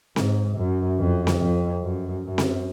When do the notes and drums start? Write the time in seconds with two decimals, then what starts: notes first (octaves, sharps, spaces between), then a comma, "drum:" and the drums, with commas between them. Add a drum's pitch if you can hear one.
0.16 G#2, drum: snare C4
0.57 F#2
0.99 F2
1.27 drum: snare C4
1.41 F2
1.82 F#2
2.24 F#2
2.38 drum: snare C4